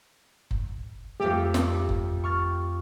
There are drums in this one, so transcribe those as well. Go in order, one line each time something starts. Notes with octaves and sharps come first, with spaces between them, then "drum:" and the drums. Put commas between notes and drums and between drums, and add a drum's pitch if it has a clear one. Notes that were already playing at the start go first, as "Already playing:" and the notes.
drum: kick F#1
F2 A3 G4
drum: snare
drum: kick F#1
C#6 F6 A6